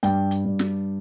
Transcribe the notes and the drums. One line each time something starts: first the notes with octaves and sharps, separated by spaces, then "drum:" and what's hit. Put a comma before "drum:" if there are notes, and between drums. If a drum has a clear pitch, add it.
G2 G5, drum: hi-hat
drum: hi-hat
G2
drum: snare